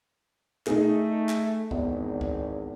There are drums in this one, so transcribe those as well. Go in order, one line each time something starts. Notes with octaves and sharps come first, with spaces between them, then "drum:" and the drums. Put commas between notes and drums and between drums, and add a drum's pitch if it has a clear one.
A3 D#4 G#4, drum: clap
drum: clap
G#1 E2, drum: kick
drum: kick